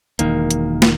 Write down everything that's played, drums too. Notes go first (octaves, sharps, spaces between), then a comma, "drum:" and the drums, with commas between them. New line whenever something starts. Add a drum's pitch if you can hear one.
E1 F#2 D#3 A#3, drum: hi-hat
drum: hi-hat
drum: snare